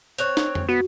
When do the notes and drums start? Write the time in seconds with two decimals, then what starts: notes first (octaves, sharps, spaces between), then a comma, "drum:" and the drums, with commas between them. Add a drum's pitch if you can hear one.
0.18 C4 C#5 F#6 F7, drum: hi-hat
0.37 drum: snare
0.55 drum: tom F2
0.69 B3 F#4